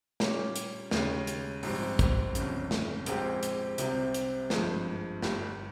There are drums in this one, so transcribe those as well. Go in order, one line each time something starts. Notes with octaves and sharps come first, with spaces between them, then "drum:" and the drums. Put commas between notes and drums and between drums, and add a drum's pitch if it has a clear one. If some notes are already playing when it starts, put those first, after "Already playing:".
A#2 G3 C#4, drum: snare
drum: hi-hat
D#2 C#3 G#3, drum: snare
drum: hi-hat
A#1 G#2 G3 C4, drum: open hi-hat
drum: kick, hi-hat
G1 F2 C#3, drum: hi-hat
drum: snare
A#1 A#2 G#3 C4 G4, drum: hi-hat
drum: hi-hat
C2 C3 G3 C4, drum: hi-hat
drum: hi-hat
G#1 G2 F3 G#3, drum: snare
G1 G2 G3, drum: snare